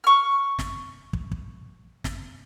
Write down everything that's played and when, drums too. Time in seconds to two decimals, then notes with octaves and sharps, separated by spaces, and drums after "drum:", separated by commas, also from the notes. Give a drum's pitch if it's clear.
0.04 C#6 F6
0.59 drum: snare
1.13 drum: kick
1.31 drum: kick
2.04 drum: snare